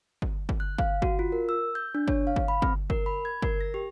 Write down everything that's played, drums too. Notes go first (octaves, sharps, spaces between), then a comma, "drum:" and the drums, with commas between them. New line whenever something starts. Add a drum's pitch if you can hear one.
drum: kick G1
drum: kick G1
F#6
F5, drum: kick G1
F#4, drum: kick G1
F4
A#4
E6
G6
D4
C#5, drum: kick G1
F5
drum: kick G1
B5
C4, drum: kick G1
A#4, drum: kick G1
B5
G#6
A#4, drum: kick G1
A#6
G4